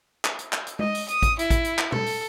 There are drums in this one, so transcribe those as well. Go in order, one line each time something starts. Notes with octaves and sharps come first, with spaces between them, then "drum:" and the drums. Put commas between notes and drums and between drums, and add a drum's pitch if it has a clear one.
drum: clap
drum: hi-hat
drum: clap
drum: hi-hat
D#5, drum: tom G#3
drum: open hi-hat
D#6, drum: hi-hat
drum: kick A1, hi-hat
E4, drum: hi-hat
drum: kick A1, hi-hat
drum: hi-hat
drum: clap
A4, drum: tom
drum: open hi-hat